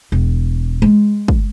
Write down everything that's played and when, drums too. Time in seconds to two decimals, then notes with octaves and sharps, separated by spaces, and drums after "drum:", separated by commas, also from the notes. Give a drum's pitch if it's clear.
0.12 E1
0.82 G#3
1.28 drum: kick